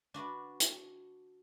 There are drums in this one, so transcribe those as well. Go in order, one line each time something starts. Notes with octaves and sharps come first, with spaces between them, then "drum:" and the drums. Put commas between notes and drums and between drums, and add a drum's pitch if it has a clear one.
D4 F#4 B4 D5
drum: hi-hat